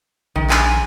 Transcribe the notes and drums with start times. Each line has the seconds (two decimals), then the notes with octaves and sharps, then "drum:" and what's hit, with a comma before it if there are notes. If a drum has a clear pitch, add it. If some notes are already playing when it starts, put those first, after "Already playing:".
0.36 A#1 D#3
0.50 G#5, drum: clap